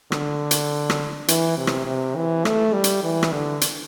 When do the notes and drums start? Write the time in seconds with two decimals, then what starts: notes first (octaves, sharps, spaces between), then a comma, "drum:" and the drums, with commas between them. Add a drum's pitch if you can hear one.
0.12 D3, drum: rim click
0.51 drum: hi-hat
0.90 drum: rim click
1.28 E3, drum: hi-hat
1.57 C3
1.67 drum: rim click
1.86 C3
2.16 E3
2.45 A3, drum: rim click
2.73 G3
2.84 drum: hi-hat
3.03 E3
3.23 drum: rim click
3.32 D3
3.61 drum: hi-hat